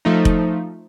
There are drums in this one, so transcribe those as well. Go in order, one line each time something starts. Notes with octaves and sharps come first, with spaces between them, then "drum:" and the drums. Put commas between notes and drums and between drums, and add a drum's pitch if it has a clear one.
F3 A3 D#4
drum: kick F1